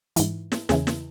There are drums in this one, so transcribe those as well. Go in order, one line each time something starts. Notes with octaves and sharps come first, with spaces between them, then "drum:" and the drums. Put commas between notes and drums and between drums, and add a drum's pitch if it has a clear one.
G#2 E3, drum: hi-hat
drum: snare
E2 C#3 E3 G#4, drum: snare
drum: snare